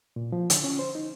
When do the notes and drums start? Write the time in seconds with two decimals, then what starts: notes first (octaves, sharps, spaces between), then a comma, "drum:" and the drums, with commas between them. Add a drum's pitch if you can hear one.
0.16 A#2
0.32 F3
0.50 D3, drum: hi-hat
0.64 C#4
0.79 C5
0.95 D#4